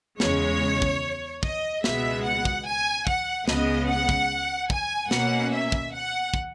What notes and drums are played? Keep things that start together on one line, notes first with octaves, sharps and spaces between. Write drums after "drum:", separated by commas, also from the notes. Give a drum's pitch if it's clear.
E2 C#3 G#3 C#5, drum: snare
drum: kick
D#5, drum: kick
C#2 B2 G#3 B3 E5, drum: snare
F#5
drum: kick
G#5
F#5, drum: kick
C#2 C#3 G#3 B3 D#5, drum: snare
F#5
drum: kick
G#5, drum: kick
B2 A#3 C#4 F#5, drum: snare
E5
drum: kick
F#5
drum: kick